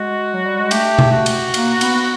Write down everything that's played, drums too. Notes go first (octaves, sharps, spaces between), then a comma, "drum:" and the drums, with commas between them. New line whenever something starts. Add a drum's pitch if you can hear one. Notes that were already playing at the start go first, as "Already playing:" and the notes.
Already playing: G#3 F#4
F#3
G3
G#3
A3 G4, drum: cymbal
drum: tom B2
F#4
drum: cymbal
A#3, drum: cymbal
B3, drum: cymbal